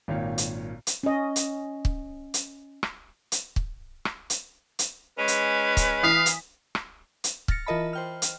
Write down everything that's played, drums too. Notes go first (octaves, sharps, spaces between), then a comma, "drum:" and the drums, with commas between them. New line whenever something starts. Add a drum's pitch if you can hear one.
G#1 A#2 D#3 C#5 F5
drum: hi-hat
drum: hi-hat
C#4 D#5
drum: hi-hat
drum: kick
drum: hi-hat
drum: rim click
drum: hi-hat
drum: kick
drum: rim click
drum: hi-hat
drum: hi-hat
G#3 C#4 B4
drum: hi-hat
drum: kick, hi-hat
E3 F5 D#6 B6
drum: hi-hat
drum: rim click
drum: hi-hat
F6 A6 A#6 C#7, drum: kick
E3 F4 A#4 D#5 A5 B5
C5 G5 F6
drum: hi-hat